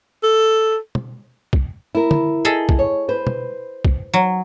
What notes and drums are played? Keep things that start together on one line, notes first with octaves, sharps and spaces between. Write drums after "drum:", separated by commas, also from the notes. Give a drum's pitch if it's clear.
A4
drum: tom
drum: kick
E4 A#4
drum: tom
G#4 A4 D#5
drum: kick
C#5
B4 C5
drum: tom
drum: kick
F#3